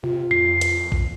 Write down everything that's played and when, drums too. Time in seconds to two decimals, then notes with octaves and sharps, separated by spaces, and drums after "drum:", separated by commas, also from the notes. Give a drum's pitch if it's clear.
0.03 C3 F4
0.31 F2 C7
0.61 drum: hi-hat
0.92 drum: kick A#1